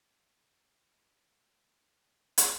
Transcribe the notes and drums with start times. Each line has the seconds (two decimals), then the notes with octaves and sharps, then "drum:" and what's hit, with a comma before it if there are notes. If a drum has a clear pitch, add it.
0.13 B4 G5
2.38 drum: hi-hat